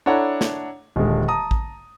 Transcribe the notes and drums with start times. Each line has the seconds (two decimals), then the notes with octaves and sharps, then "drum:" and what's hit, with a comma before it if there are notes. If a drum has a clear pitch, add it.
0.06 D4 E4 A4 C#5 F#5 A#5
0.41 drum: snare
0.96 D#1 D3 G#3
1.28 A5 A#5 D#6
1.51 drum: kick A1